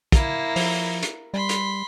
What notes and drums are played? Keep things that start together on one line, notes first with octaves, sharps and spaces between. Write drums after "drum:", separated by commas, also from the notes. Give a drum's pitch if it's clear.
A#3 E4, drum: kick, hi-hat
F3, drum: open hi-hat
drum: hi-hat
G3 B5 C6
drum: hi-hat